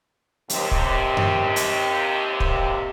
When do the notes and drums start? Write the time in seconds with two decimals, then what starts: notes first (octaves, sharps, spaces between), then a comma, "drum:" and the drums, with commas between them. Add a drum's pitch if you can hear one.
0.50 D#2 C3, drum: hi-hat
0.71 drum: kick
1.17 drum: tom F#2
1.56 drum: hi-hat
2.40 drum: kick